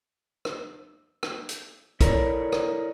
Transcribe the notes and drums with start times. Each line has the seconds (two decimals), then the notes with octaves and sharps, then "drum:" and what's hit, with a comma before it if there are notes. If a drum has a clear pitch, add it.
0.45 drum: rim click
1.23 drum: rim click
1.49 drum: hi-hat
2.01 E4 A4 A#4 C#5 D5, drum: kick, hi-hat
2.52 drum: rim click